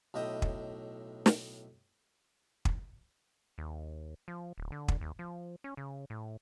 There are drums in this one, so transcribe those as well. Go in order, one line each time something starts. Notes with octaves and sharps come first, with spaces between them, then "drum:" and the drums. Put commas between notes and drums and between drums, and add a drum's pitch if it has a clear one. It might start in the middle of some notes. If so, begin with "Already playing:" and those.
B1 A2 D#5 E5 G5 D#6
drum: kick
drum: snare
drum: kick
D#2
F3
D1
D3
drum: kick
D#2
F3
C#4
C#3
A2